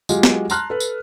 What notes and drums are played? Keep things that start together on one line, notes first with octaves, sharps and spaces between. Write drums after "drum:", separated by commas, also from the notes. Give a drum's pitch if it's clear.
F#3 G#3 F4 G4, drum: tambourine
drum: snare
A5 A#5 C6 F6 F#6, drum: tambourine
A4 B4
drum: tambourine